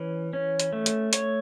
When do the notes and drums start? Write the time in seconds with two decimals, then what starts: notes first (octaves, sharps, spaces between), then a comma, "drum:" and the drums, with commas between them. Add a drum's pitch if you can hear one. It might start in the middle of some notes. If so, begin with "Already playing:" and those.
Already playing: E3 C#4
0.33 C#4
0.60 drum: hi-hat
0.73 A3
0.86 drum: hi-hat
1.13 C#5, drum: hi-hat